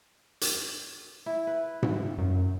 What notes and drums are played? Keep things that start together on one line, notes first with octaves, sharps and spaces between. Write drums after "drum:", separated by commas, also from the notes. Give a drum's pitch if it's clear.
drum: hi-hat
E4
B4
drum: tom G#2
F#2